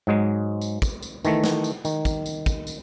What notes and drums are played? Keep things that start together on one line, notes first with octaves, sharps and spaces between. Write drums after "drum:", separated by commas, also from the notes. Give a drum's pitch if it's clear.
G#2 F#3 G#3
drum: tambourine
drum: kick, tambourine
drum: tambourine
D#3 E3 A3, drum: tambourine
drum: snare
drum: tambourine
D#3, drum: tambourine
drum: kick, tambourine
drum: tambourine
drum: kick, tambourine
drum: tambourine